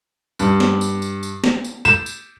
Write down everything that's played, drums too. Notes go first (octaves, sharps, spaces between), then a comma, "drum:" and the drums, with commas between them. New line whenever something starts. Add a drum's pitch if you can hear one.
G2, drum: tambourine
drum: snare
drum: tambourine
drum: tambourine
drum: tambourine
drum: snare
drum: tambourine
E7, drum: tambourine
drum: tambourine